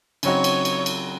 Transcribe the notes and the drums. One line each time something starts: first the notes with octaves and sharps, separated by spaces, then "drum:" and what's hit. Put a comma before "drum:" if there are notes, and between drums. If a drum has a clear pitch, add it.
C#3 F#3 C4 D#4 F#4 C#5, drum: cymbal
drum: cymbal
drum: cymbal
drum: cymbal